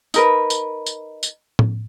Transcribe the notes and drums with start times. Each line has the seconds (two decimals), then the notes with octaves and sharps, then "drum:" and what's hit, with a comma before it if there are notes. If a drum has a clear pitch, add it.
0.14 D#4 A#4 B4, drum: tambourine
0.50 drum: tambourine
0.86 drum: tambourine
1.23 drum: tambourine
1.59 drum: tom A2